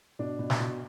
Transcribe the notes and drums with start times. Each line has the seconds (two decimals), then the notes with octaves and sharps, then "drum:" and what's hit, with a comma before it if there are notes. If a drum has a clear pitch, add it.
0.19 B2 D4
0.39 B2
0.50 drum: snare
0.60 B2